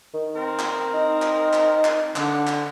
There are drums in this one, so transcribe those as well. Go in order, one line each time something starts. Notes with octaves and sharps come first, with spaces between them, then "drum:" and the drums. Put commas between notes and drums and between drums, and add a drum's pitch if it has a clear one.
D#3
C4 A#4
drum: clap
D#4
drum: clap
drum: clap
drum: clap
D3, drum: clap
drum: clap